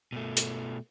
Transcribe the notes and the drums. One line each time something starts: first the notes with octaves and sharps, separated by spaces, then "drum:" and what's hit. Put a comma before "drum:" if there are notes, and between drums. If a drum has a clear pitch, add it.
B2 A3
drum: hi-hat